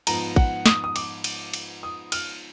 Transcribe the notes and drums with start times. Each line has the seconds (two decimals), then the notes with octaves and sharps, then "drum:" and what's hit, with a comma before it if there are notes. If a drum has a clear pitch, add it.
0.07 G#2 F3 B3 A#5, drum: cymbal
0.36 F#5, drum: kick
0.66 D#6, drum: snare
0.84 D#6
0.96 D6, drum: cymbal
1.24 drum: cymbal
1.53 drum: cymbal
1.83 D#6
2.12 F6, drum: cymbal